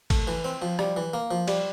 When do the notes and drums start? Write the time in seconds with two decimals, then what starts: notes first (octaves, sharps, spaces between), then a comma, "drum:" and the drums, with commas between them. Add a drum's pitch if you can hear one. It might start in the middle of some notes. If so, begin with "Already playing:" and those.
0.10 A3, drum: kick, cymbal
0.27 E3
0.44 C4
0.62 F3
0.79 G3, drum: rim click
0.97 E3
1.13 A#3
1.31 F3
1.48 G3, drum: cymbal